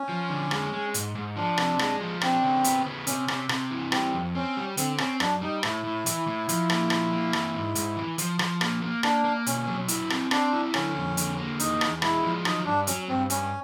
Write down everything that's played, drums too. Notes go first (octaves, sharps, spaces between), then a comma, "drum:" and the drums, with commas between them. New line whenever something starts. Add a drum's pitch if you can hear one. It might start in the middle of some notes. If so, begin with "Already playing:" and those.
Already playing: C#4
F3
D3
G#3, drum: rim click
G#3
G#2, drum: hi-hat
G#2
F3 D4
C3, drum: rim click
G#3, drum: rim click
F3
C4 D4, drum: rim click
C#3
B3, drum: hi-hat
C#3
C3 C#4, drum: hi-hat
C3, drum: rim click
C3, drum: rim click
E3
G3 C4, drum: rim click
F2
C4 C#4
G3
D3 C4, drum: hi-hat
C4 C#4, drum: rim click
F#2 D4, drum: rim click
G3 D#4
A2 E4, drum: rim click
A2
E3, drum: hi-hat
A2
F3, drum: hi-hat
A#3, drum: rim click
F3, drum: rim click
A#3
E3, drum: rim click
G#2
G#2, drum: hi-hat
E3
F3, drum: hi-hat
F3, drum: rim click
A#3, drum: rim click
A#3
A#3 D4, drum: rim click
A#3
B2 C#4, drum: hi-hat
F#3
E4, drum: hi-hat
C4, drum: rim click
C4 D4, drum: rim click
E4
D3 C#4, drum: rim click
F2
D3, drum: hi-hat
A#3
E2 D#4, drum: hi-hat
E2, drum: rim click
G#3 E4, drum: rim click
F3
F#3 D#4, drum: rim click
G2 D4
F#3 C#4, drum: hi-hat
G2 C4
G2 C#4, drum: hi-hat